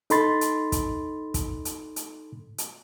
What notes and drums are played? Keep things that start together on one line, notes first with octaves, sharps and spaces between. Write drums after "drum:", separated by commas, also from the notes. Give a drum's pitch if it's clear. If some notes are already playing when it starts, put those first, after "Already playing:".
D#4 A4 B5 C6 A6, drum: hi-hat
drum: hi-hat
drum: kick, hi-hat
drum: kick, hi-hat
drum: hi-hat
drum: hi-hat
drum: hi-hat